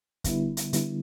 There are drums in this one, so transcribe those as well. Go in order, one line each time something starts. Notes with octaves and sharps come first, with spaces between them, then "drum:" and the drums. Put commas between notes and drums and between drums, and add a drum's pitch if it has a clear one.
D3 G3 B3 E4, drum: kick, hi-hat
drum: hi-hat
D3 G3 B3 E4, drum: hi-hat